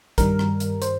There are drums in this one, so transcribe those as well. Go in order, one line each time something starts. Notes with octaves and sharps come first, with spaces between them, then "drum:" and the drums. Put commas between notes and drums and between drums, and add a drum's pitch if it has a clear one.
G2 D#3 G3 A#4, drum: kick, hi-hat
drum: rim click
drum: hi-hat
C5, drum: hi-hat